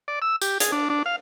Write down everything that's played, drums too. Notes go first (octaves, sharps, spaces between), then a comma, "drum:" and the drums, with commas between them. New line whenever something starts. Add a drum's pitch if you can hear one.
D5
E6
G4, drum: tambourine
G#4, drum: hi-hat
D4
D4
F5